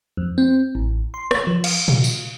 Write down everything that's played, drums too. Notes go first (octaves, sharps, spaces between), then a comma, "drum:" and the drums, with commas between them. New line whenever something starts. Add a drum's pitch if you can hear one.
F2
C4
A1
C6
C#5, drum: rim click
F3
F5, drum: cymbal
drum: tom A#2
drum: tambourine